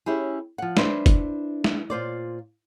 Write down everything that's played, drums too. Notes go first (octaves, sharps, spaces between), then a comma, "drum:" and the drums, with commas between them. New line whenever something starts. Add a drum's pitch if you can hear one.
C#4 E4 G4 G#4
F3 F#5
D4 E4 B4 C5, drum: snare
drum: kick, hi-hat
drum: snare
A#2 F4 C5 D5